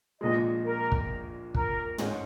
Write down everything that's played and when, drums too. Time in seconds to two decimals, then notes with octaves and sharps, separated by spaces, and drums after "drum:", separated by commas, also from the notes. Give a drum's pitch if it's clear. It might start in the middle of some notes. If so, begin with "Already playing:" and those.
0.21 A#1 A#2 G#3 D#5
0.65 A#4
0.92 drum: kick
1.55 A#4, drum: kick
1.98 G#2 G#3 C#4, drum: tom